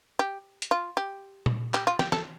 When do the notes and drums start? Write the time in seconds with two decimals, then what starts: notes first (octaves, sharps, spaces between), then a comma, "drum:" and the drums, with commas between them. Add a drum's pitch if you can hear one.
0.19 G4
0.62 drum: hi-hat
0.71 F4
0.97 G4
1.46 drum: tom A#2
1.74 G4, drum: clap
1.87 F4
1.99 G4, drum: snare
2.12 A4, drum: snare